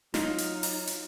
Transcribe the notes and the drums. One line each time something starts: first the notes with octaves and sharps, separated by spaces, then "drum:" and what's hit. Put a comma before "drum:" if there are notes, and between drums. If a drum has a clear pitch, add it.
F#3 D#4 F4, drum: snare
drum: hi-hat
drum: open hi-hat
drum: hi-hat